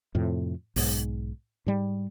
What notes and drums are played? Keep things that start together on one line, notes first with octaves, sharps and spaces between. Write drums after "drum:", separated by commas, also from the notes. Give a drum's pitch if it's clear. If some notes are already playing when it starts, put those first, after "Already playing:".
F2 A2 C3
B1 G#2, drum: open hi-hat
G#2 G3